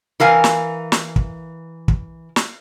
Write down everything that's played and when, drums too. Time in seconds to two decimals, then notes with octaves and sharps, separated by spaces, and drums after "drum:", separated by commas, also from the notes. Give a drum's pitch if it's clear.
0.20 E3 A#4 F5 G#5
0.44 drum: snare
0.92 drum: snare
1.16 drum: kick
1.88 drum: kick
2.36 drum: snare